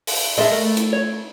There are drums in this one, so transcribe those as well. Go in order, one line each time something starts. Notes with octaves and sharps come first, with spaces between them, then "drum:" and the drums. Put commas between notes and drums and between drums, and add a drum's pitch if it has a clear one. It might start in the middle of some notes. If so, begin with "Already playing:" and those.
drum: open hi-hat
G#3 A4 D#5 E5
A3 A#4
drum: hi-hat
C#5